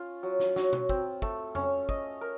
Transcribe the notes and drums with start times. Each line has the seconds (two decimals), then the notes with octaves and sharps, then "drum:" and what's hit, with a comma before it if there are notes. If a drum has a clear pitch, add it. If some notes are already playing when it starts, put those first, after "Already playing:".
Already playing: C#4 F4
0.23 F#3
0.40 drum: snare
0.56 F#3, drum: snare
0.73 drum: tom B2
0.89 C4, drum: kick
1.22 A3, drum: kick
1.55 C#4, drum: tom F2
1.89 D#5, drum: kick
2.21 A#4